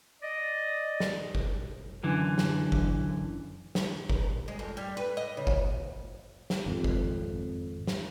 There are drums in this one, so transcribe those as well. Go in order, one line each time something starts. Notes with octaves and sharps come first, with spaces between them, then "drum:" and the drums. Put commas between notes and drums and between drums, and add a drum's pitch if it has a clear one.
D5 D#5
drum: snare
drum: kick F#1
F#2 D3 E3
drum: snare
drum: kick F#1
drum: snare
drum: kick F#1
G#3
F2
G3
B4
D#5
C#3
drum: kick F#1
drum: snare
G#1 F2
drum: kick F#1
drum: snare